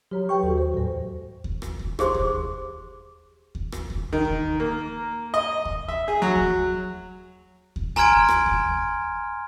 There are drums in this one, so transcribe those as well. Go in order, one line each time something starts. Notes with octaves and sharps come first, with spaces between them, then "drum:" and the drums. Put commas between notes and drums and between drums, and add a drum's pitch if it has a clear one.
F#3 G4 C#5 A#5
F#3 G4 B4 G5 C#6
D#2 F#4 A4
C5
E2 A2 F#3 C5
drum: kick D#2
drum: rim click
drum: kick D#2
G4 G#4 C5 C6 D6, drum: rim click
drum: kick D#2
drum: kick D#2
drum: rim click
drum: kick D#2
D#3
drum: kick D#2
A#3
D#5
drum: kick D#2
E5
G#4
F#3
drum: kick D#2
drum: kick D#2
G#5 A#5 C6 F6 G#6 D7, drum: rim click
drum: kick D#2
drum: rim click
drum: kick D#2